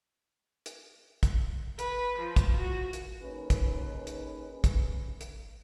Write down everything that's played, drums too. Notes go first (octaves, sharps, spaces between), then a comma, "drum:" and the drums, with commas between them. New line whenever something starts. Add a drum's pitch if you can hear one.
drum: hi-hat
drum: kick, hi-hat
B4, drum: hi-hat
F3
drum: kick, hi-hat
F#4
drum: hi-hat
D#2 C#4 D#4 G#4 B4
drum: kick, hi-hat
drum: hi-hat
drum: kick, hi-hat
drum: hi-hat